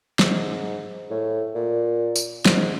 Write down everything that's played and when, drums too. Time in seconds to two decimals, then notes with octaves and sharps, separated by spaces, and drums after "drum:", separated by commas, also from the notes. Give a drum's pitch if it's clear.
0.19 G#2, drum: snare
1.10 A2
1.55 A#2
2.16 drum: tambourine
2.45 G#2, drum: snare